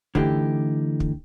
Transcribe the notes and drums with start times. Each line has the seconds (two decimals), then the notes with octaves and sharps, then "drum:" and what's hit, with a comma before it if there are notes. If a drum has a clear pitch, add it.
0.15 D3 E3 A3 D#4 G4, drum: kick
1.00 drum: kick